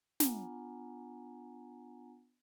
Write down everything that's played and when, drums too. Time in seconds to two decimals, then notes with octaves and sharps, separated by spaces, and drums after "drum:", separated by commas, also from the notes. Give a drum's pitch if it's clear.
0.20 B3 D4 F4 F#5 G#5 A#5, drum: snare